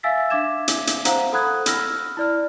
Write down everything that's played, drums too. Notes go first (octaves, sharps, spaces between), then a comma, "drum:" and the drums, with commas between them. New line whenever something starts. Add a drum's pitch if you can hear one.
E5 F5 G#5 E6 A6 B6
D4 E5 F5 D6 G#6 E7
drum: hi-hat
drum: hi-hat
C5 F5 F#5 A#5, drum: hi-hat
A4 F#5 B5 D#6 F#6 G#6
B5 E6 F6 A#6, drum: hi-hat
E4 D5 F6